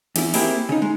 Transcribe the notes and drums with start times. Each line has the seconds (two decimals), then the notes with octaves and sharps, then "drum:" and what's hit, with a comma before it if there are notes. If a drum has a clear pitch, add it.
0.16 E2 E4, drum: cymbal
0.34 A#3 C4 E4 G4 G#4 A#4, drum: open hi-hat
0.69 C#3 D#4
0.82 G#3